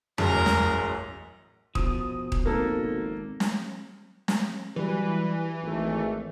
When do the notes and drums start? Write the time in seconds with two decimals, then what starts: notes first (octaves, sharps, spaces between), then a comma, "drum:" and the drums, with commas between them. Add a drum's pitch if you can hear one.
0.18 A1 F#2 G#4 A#4 A#5, drum: tom F2
0.46 drum: snare
1.75 B2 F3 D#6, drum: kick D#1
2.32 drum: kick D#1
2.45 G#1 A#3 A4
3.40 drum: snare
4.28 drum: snare
4.76 E3 F#3 G3 B4
5.64 G#1 A3